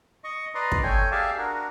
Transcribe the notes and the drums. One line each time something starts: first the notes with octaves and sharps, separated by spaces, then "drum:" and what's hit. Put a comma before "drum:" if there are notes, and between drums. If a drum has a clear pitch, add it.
D#5 C#6
B4 D5 D#5 A#5 C6
drum: kick
A3 C#5 G5 G#5
G4 G#4 D5 E5 F5 A5
D4 F#4 A#4